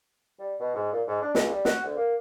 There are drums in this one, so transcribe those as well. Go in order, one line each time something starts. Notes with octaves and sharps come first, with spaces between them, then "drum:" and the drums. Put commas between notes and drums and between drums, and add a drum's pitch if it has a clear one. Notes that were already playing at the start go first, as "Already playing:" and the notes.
G3
B2
G#2
A#2
G#2
D4
C#2, drum: snare
G3
F#4, drum: snare
D2
A#3